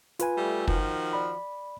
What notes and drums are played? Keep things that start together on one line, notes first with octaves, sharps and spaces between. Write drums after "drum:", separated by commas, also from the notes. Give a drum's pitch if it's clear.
F4 B4 G#5, drum: hi-hat
G3 A3
D#3 F3 F#4, drum: kick
D5 B5